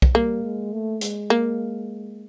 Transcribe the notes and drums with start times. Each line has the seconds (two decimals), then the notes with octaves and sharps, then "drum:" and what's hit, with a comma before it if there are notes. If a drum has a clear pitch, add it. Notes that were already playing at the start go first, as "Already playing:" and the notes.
0.02 drum: kick B1
0.15 G3 A#3
0.43 G#3
0.73 A3
1.01 G#3, drum: hi-hat
1.30 A#3